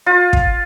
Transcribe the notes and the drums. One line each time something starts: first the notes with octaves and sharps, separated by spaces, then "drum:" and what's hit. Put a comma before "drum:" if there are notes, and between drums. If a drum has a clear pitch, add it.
F4
drum: kick